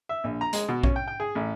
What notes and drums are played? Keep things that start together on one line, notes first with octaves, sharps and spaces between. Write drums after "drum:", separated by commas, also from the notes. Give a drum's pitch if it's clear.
E5
A#1
A#5
G#3, drum: hi-hat
B2
C#4, drum: kick A#1
G5
G5
G#4
A1